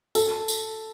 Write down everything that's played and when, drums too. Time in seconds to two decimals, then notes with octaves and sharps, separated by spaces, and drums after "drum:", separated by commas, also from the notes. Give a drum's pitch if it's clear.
0.15 A4, drum: tambourine
0.48 drum: tambourine